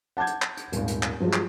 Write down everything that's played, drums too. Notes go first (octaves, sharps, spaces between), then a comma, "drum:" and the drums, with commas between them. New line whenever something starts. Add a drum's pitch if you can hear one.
F#5 A5 D6 G6 G#6
drum: hi-hat
drum: clap
drum: hi-hat
D#1 G#1, drum: hi-hat
drum: hi-hat
drum: clap
G2 F3 F#3 G#3
drum: clap